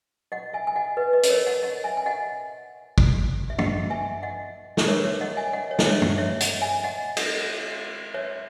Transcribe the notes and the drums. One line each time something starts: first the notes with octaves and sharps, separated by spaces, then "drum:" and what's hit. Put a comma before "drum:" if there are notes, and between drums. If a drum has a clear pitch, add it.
D#5 F#5
E5 G#5
G#5
D#5 F#5
B4 D#5
B4 D#5
D#5, drum: hi-hat
A#4 C#5
D#5 F#5
D#5 F#5
E5 G#5
G#5
D#5 F#5
drum: kick
E5
D#5 F#5, drum: tom
E5 G#5
D#5 F#5
drum: snare
A#4 C#5
C#5 E5
D#5 F#5
E5 G#5
D#5 F#5
C#5
D#5, drum: snare
C#5 E5
drum: tom
C#5 E5
D#5 F#5, drum: hi-hat
E5 G#5
D#5 F#5
D#5 F#5, drum: cymbal
C#5 E5